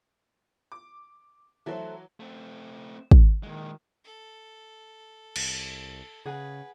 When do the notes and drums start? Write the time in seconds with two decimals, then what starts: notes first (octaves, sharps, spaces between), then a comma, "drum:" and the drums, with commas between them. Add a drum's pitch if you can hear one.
0.72 D6
1.66 E3 F#3 A3 F#4 A#4 C5
2.20 A3 C4
3.11 drum: kick
3.43 A#2 D#3 G#3
4.05 A4
5.36 C2, drum: cymbal
6.25 C#3 G#4 B4 F#5 G#5